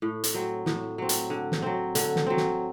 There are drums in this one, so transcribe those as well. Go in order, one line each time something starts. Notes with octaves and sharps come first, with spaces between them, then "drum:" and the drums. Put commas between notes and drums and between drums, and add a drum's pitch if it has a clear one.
A2
drum: hi-hat
F#3 C4
A2, drum: snare
F#3 C4
drum: hi-hat
D3
drum: snare
F#3 C4
D3, drum: hi-hat
drum: snare
F#3 C4
drum: snare